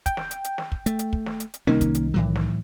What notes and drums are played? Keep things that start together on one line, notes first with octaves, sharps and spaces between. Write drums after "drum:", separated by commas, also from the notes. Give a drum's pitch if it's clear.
G5, drum: kick, hi-hat
drum: snare
drum: hi-hat
drum: hi-hat
drum: snare
drum: kick
A3, drum: hi-hat
drum: hi-hat
drum: kick
drum: snare
drum: hi-hat
drum: hi-hat
C2 D#3 A#3 C#4, drum: snare
drum: kick, hi-hat
drum: hi-hat
A2 E3 F#3
drum: snare